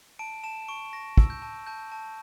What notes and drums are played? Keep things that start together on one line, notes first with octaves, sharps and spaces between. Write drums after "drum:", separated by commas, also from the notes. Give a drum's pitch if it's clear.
A5 D7
A5 E7
C#6 D7
C#6 A#6
E6, drum: kick
G6
A5
A5 G6
A5